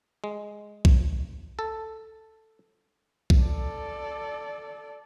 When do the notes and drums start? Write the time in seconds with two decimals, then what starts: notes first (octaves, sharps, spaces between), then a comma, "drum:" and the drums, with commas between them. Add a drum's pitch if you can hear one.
0.24 G#3
0.85 drum: kick B1
1.59 A4
3.30 drum: kick B1
3.39 A4 D5